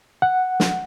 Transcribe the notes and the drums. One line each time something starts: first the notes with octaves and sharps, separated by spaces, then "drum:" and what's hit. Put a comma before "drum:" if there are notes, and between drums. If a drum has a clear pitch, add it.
F#5
drum: snare